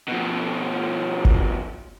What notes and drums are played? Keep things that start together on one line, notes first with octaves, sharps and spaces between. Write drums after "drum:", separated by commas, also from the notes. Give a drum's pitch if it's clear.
B2 F3
drum: kick G1